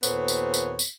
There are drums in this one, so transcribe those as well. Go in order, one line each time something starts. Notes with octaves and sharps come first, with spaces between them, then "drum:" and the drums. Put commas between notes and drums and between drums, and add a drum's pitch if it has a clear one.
D#2 A#2 B3 C4 A4 C#5, drum: tambourine
drum: tambourine
drum: tambourine
drum: tambourine